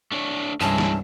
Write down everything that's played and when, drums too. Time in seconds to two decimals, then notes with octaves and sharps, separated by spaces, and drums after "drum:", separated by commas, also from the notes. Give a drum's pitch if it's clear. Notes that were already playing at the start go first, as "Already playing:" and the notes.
0.12 A3 D4 C#5
0.61 C2 G2 E3 G#3 C#4 E4 A5
0.78 drum: snare